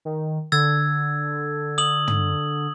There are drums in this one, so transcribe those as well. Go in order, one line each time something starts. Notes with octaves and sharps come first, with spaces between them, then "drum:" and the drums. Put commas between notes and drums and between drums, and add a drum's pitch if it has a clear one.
D#3
D3 E6 G#6 A6
D#6 F#7
drum: tom